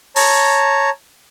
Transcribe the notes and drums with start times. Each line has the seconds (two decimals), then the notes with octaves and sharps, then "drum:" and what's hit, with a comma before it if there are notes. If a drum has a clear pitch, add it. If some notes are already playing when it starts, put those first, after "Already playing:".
0.16 C#5 A5 A#5, drum: open hi-hat